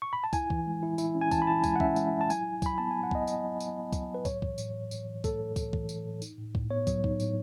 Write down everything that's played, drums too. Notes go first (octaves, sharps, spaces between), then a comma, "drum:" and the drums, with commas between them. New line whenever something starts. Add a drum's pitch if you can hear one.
C#6
B5
A5
E4 G#5, drum: kick, tambourine
E3, drum: kick
G#3
E4
E4, drum: tambourine
C#4
G#5
E3 A5, drum: kick, tambourine
B5
E4 A5
G#3 G#5, drum: kick, tambourine
F#5
C#4 E5, drum: kick
G#3, drum: tambourine
E4
A5
F#3 G#5, drum: tambourine
E4
F#3 B5, drum: kick, tambourine
B3 A5
F#3 G#5
F#5
B3 D#5, drum: kick
F#3 D#5, drum: tambourine
F#3
F#3, drum: tambourine
B3
F#3, drum: kick, tambourine
F#3 B4
A2 C#5, drum: kick, tambourine
E3, drum: kick
A2, drum: tambourine
A2
A2, drum: tambourine
E3
A3 A4, drum: kick, tambourine
A2
E3, drum: kick, tambourine
E3, drum: kick
E3, drum: tambourine
A2
D#4, drum: tambourine
A2
A2, drum: kick
B3 C#5
F#3, drum: kick, tambourine
D#4, drum: kick
A2, drum: tambourine